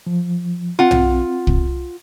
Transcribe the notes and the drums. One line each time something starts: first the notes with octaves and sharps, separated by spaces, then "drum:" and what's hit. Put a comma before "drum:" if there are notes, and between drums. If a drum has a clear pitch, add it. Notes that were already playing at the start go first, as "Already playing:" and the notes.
F3
C4 F4 F#5
drum: tom B1
drum: kick